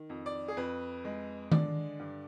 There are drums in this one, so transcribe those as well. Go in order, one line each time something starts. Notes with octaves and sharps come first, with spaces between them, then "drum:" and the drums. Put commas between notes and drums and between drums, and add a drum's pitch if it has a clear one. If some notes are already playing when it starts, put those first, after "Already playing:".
Already playing: D#3
F2
D5
G#4
F2 B4
G#3
D3 D5, drum: tom D#3
G2